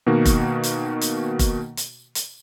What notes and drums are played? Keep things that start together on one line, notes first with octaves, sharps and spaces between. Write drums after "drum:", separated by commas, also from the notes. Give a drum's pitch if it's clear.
B2 D#3 A#3 F#4
drum: kick F1, hi-hat
drum: hi-hat
drum: hi-hat
drum: kick F1, hi-hat
drum: hi-hat
drum: hi-hat